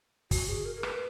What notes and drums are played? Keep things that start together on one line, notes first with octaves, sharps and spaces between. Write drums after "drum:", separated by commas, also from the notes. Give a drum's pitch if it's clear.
F#4, drum: kick, open hi-hat
G#4
A#4
A#4
B4, drum: rim click